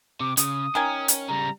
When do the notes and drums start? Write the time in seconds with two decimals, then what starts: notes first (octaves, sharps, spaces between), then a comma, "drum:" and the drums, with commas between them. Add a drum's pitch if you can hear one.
0.20 C3 D6
0.37 C#3 D#6, drum: hi-hat
0.75 D#3 C#4 A#4 G#5
1.08 drum: hi-hat
1.28 C#3 G3 A#5